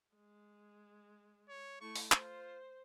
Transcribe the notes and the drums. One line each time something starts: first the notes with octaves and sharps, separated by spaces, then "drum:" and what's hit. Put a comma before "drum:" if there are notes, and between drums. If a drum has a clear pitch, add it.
G#3
C#5
A3 E4 C#6
drum: open hi-hat
F4 C5, drum: clap